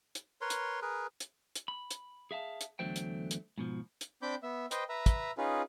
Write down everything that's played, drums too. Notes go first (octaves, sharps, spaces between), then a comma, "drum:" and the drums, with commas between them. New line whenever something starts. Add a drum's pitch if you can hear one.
drum: hi-hat
A#4 B4 C#5 C6
drum: hi-hat
G#4 A#4 B4
drum: hi-hat
drum: hi-hat
B5
drum: hi-hat
G#4 E5 F5 A5
drum: hi-hat
E2 D3 F#3 A3 C5 G5
drum: hi-hat
drum: hi-hat
G#2 B2 F3
drum: hi-hat
C4 D4 B5 D6 G6
B3 E5
B4 C5 D#5 G5, drum: hi-hat
B4 E5 A#5
drum: kick, hi-hat
C#4 D#4 F4 G#4 B4